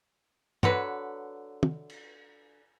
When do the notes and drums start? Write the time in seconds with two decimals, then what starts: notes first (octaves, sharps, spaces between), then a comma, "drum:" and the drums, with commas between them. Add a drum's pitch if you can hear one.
0.63 D3 F#3 B4, drum: tom
1.63 drum: tom
1.90 drum: cymbal